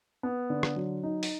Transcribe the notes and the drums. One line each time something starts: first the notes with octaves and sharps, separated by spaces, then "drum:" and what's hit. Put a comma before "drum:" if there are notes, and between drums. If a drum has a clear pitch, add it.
B3
D3
drum: rim click
F#3
D#4
drum: open hi-hat